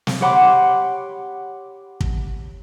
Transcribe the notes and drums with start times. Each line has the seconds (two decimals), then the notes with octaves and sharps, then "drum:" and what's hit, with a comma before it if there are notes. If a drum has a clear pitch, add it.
0.07 drum: snare
0.21 G4 C#5 F#5 B5 C6 D6
2.00 drum: kick